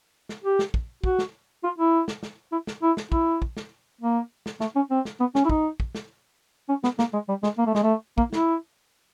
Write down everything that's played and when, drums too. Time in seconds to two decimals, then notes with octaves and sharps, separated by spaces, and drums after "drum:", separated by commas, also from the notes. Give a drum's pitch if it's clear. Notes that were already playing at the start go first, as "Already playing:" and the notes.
0.29 drum: snare
0.44 G4
0.59 drum: snare
0.74 drum: kick
1.04 F#4, drum: kick
1.19 drum: snare
1.64 F4
1.78 E4
2.08 drum: snare
2.23 drum: snare
2.52 E4
2.67 drum: snare
2.83 E4
2.97 drum: snare
3.12 E4, drum: kick
3.42 drum: kick
3.57 drum: snare
4.01 A#3
4.46 drum: snare
4.60 A3, drum: snare
4.76 C#4
4.91 C4
5.05 drum: snare
5.20 B3
5.35 C#4, drum: snare
5.45 E4
5.49 D#4, drum: kick
5.80 drum: kick
5.95 drum: snare
6.69 C#4
6.84 B3, drum: snare
6.99 A#3, drum: snare
7.13 G#3
7.29 G3
7.43 G#3, drum: snare
7.58 A#3
7.67 A3
7.75 G#3, drum: snare
7.83 A3
8.18 A#3, drum: kick
8.33 E4, drum: snare